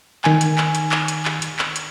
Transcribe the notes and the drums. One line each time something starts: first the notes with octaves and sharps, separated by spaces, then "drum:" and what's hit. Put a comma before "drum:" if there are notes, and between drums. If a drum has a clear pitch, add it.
D#3 G#5, drum: clap
drum: hi-hat
drum: clap
drum: hi-hat
drum: clap
drum: hi-hat
drum: clap
drum: hi-hat
drum: clap
drum: hi-hat